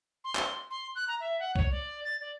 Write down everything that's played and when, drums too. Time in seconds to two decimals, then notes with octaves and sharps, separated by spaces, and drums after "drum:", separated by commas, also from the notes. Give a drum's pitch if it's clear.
0.24 C6
0.35 drum: clap
0.71 C6
0.96 F#6
1.08 A#5
1.20 E5
1.39 F#5
1.55 C#5, drum: kick C2
1.71 D5
2.05 A6
2.21 D5